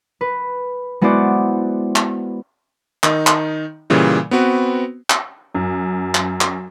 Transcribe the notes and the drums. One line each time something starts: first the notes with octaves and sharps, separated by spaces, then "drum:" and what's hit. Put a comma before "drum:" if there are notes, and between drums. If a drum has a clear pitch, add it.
B4
G#3 B3 E4 F#4 C5 D5
drum: clap
D#3 D#4, drum: clap
drum: clap
A#2 C#3 E3 G3
B3 C4 F#4 B4
drum: clap
F#2
drum: clap
drum: clap